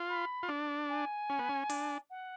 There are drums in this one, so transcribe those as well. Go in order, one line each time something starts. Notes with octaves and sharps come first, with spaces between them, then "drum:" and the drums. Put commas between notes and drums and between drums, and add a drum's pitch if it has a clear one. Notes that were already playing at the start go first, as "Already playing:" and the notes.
Already playing: F4
B5
F4
D4
G#5
C#4
B3
C#4
D4, drum: open hi-hat
F#5